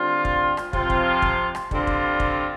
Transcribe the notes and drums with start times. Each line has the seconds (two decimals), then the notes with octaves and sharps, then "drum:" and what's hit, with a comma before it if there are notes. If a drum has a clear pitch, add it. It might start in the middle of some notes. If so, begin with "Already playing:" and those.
Already playing: D3 G3 C4 F4
0.25 drum: kick
0.57 drum: rim click
0.73 C3 F3 C4 F4, drum: kick
0.90 drum: kick
1.22 drum: kick
1.55 drum: rim click
1.71 D3 G3 C4 F4, drum: kick
1.87 drum: kick
2.20 drum: kick